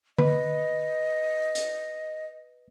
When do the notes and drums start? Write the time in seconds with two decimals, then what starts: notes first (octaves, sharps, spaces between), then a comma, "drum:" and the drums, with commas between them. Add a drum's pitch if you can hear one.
0.18 B4 D#5, drum: tom D3
1.55 drum: hi-hat